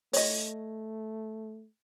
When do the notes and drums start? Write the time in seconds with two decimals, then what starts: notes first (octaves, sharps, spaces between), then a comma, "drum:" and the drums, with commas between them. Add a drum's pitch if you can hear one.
0.13 A3 C#5 D#5, drum: open hi-hat